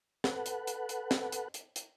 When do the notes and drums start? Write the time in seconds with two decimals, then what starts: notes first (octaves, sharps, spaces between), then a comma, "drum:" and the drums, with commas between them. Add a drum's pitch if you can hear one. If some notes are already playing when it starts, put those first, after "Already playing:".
0.24 A4 B4 F#5, drum: snare
0.46 drum: hi-hat
0.67 drum: hi-hat
0.89 drum: hi-hat
1.11 drum: snare
1.32 drum: hi-hat
1.54 drum: hi-hat
1.76 drum: hi-hat